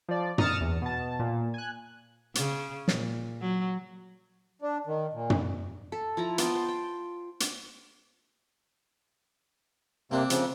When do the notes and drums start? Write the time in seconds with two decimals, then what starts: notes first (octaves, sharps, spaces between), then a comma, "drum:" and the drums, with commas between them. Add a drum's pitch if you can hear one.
0.08 F3 D5
0.38 A#5 D#6 F6 A6 C#7 E7, drum: tom
0.61 E2
0.82 B2 A5
1.19 A#2
1.54 G#5 F#6
2.35 C#3, drum: hi-hat
2.88 A#2, drum: snare
3.41 F#3
4.62 D4
4.87 D#3
5.13 A#2
5.30 drum: tom
5.92 A4
6.17 F3 E4 A#5
6.38 B3 F4 G5 A5, drum: hi-hat
6.55 C5
6.69 G5
7.40 drum: hi-hat
10.11 C3 A#3 C4 D4
10.30 C#3 F3, drum: hi-hat